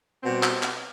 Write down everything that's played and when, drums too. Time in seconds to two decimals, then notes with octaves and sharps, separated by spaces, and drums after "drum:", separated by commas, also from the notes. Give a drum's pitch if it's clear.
0.23 B2 G3 C4
0.43 drum: clap
0.63 drum: clap